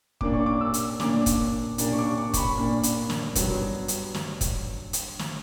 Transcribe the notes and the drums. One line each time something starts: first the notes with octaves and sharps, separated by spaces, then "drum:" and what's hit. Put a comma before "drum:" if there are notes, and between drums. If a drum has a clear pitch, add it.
A#2 A#3 D4 D6, drum: kick
C#6
D6
E6
drum: hi-hat
A#2 A#3 D4 D6, drum: snare
drum: kick, hi-hat
A#2 A#3 D4, drum: hi-hat
C#6
D6
C#6
C#6, drum: kick, hi-hat
B5
A#2 A#3 D4
drum: hi-hat
drum: snare
G2 F#3 B3, drum: kick, hi-hat
drum: hi-hat
drum: snare
drum: kick, hi-hat
drum: hi-hat
drum: snare